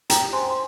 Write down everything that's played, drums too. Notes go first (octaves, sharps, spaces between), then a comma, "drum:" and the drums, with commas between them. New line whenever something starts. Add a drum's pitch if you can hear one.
G4 G5 A#5, drum: hi-hat
C5 G#5 C6
C6